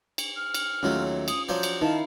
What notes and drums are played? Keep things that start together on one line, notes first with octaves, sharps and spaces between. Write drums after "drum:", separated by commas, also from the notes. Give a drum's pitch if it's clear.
drum: cymbal
F6
drum: cymbal
D#2 F#3 A3 C#4 F4
D#6, drum: cymbal
F3 F#3 D5 G6
drum: cymbal
D#3 D#4 E4 F5 A5